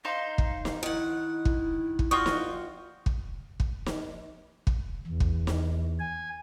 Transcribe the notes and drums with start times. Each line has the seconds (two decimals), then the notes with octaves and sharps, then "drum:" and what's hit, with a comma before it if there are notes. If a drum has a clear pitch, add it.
0.05 D#4 C5 F5
0.38 drum: kick
0.65 drum: snare
0.83 D#3 E4 F#5
1.45 drum: kick
1.99 drum: kick
2.11 F4 F#4 D5 G5 C#6 D#6
2.26 drum: snare
3.06 drum: kick
3.60 drum: kick
3.86 drum: snare
4.67 drum: kick
5.07 E2
5.20 drum: kick
5.47 drum: snare
5.99 G#5